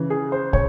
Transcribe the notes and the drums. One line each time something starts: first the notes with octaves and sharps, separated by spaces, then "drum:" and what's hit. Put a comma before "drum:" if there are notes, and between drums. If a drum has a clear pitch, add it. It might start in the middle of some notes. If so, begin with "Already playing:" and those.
Already playing: C#3 E3
G#4
C5
C#5, drum: kick